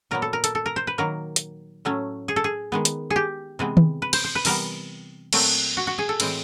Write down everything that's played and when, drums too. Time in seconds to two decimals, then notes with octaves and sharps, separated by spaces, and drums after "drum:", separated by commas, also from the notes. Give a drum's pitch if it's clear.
0.11 A#2 F#3 B3 A#4
0.22 A4
0.33 A#4
0.44 A4, drum: hi-hat
0.55 A4
0.66 A#4
0.76 C5
0.87 B4
0.98 D#3 F#3 A#3 A#4
1.36 drum: hi-hat
1.85 A2 F#3 A3 C#4
2.28 G#4
2.36 A4
2.44 G#4
2.72 D#3 G#3 B3
2.85 drum: hi-hat
3.10 G#4
3.16 G4
3.59 C3 E3 G#3 B3
3.77 drum: tom D#3
4.02 B4
4.13 C5, drum: cymbal
4.24 C5
4.35 B4
4.45 C3 E3 G3 B3 A#4, drum: open hi-hat
5.33 A#2 F#3 A3 C4, drum: cymbal
5.77 F#4
5.87 F#4
5.98 G#4
6.09 A4
6.20 A2 E3 G#3 C4, drum: cymbal